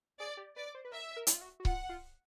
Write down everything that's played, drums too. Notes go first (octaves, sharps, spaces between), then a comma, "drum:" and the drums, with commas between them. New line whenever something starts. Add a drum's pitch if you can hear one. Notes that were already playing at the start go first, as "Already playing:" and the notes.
G#4 D5
G4
B4 D5
C5
B4
A#4 E5
A#4
E4, drum: hi-hat
F4
F#4
F#4
F4 F#5, drum: kick C#1
F4